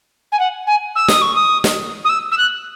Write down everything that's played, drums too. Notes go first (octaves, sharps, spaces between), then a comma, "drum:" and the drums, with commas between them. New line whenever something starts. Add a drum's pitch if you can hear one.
G#5
F#5
G#5
E6
D#6, drum: snare
C#6
D#6
drum: snare
D#6
E6
E6
F#6